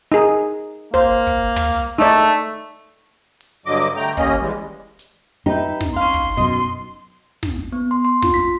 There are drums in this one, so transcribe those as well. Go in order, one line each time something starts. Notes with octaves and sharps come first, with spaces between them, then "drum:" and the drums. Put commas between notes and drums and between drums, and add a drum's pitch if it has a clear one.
D#4 G#4
A#3 C5, drum: kick
drum: kick
drum: tom
A3 D#4 D5
drum: hi-hat
drum: open hi-hat
G2 D3 F#3 D#5 D6
D3 A3 G5 A#5
D#2 A#3 C#4 D#5, drum: kick
E3 G3 G#3
drum: hi-hat
D#4 G4 B4 E5
drum: snare
C#4 F5 C6
drum: kick
F#2 B2 D#5
drum: snare
B3
C6
C6
F4, drum: snare
B6